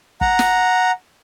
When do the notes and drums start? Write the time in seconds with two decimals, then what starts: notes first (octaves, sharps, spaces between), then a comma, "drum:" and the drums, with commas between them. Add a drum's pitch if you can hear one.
0.21 F#5 A#5, drum: kick
0.39 drum: snare